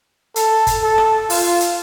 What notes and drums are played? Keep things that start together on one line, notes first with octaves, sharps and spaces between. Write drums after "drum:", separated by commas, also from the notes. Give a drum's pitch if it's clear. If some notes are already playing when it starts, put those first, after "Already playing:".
A4, drum: hi-hat
drum: kick G1, hi-hat
A4
drum: rim click
F4, drum: open hi-hat
drum: hi-hat